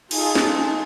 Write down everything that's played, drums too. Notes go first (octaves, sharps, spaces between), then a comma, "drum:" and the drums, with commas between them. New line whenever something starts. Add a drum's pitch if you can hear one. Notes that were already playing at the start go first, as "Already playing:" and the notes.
D#4 F4 G#4 A4, drum: cymbal
drum: snare